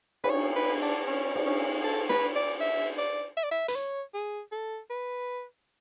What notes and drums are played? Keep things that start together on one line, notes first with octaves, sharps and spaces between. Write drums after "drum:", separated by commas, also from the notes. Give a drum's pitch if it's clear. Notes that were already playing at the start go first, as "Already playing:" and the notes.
B4, drum: cymbal
C#5
B4
D4
C#4
drum: cymbal
C#4
A4
B4, drum: snare
D5
E5
D5
E5
D5
E5
B4, drum: hi-hat
C#5
G#4
A4
B4